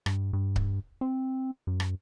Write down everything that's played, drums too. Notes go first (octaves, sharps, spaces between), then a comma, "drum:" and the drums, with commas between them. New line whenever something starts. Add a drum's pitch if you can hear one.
G2, drum: rim click
G2
drum: kick C#1
C4
F#2
drum: rim click